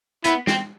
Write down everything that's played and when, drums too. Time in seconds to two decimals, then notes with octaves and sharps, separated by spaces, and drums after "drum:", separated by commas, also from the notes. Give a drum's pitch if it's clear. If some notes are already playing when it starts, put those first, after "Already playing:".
0.24 B3 E4, drum: hi-hat
0.47 C4, drum: snare